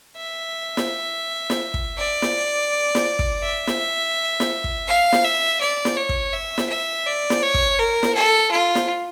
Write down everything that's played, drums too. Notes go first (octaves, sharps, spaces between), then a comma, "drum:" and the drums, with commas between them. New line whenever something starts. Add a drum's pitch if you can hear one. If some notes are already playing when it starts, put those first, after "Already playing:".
E5
drum: snare
drum: snare
drum: kick
D5
drum: snare
drum: snare
drum: kick
E5
drum: snare
drum: snare
drum: kick
F5
drum: snare
E5
D5
drum: snare
C#5
drum: kick
E5
drum: snare
E5
D5
drum: snare
C#5
drum: kick
A#4
drum: snare
A4
F4
drum: snare